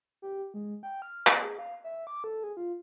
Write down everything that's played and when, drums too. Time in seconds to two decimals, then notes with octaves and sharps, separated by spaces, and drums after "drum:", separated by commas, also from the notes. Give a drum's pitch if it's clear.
0.22 G4
0.54 G#3
0.83 G5
1.02 F6
1.27 drum: clap
1.42 G#4
1.59 F5
1.84 E5
2.07 D6
2.24 A4
2.44 G#4
2.57 F4